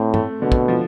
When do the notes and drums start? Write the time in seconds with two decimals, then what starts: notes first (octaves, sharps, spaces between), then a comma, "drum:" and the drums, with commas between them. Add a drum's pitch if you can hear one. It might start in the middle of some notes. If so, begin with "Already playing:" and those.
Already playing: A2 C4
0.14 A3, drum: tom
0.41 B2 D3
0.52 drum: kick
0.68 F3